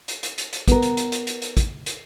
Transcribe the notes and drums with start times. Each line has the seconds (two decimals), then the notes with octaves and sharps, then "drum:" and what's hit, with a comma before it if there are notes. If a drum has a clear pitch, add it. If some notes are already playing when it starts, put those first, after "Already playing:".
0.08 drum: hi-hat
0.23 drum: hi-hat
0.38 drum: hi-hat
0.53 drum: hi-hat
0.68 B3 A#4, drum: kick, hi-hat
0.82 drum: hi-hat
0.97 drum: hi-hat
1.12 drum: hi-hat
1.27 drum: hi-hat
1.42 drum: hi-hat
1.57 drum: kick, hi-hat
1.86 drum: hi-hat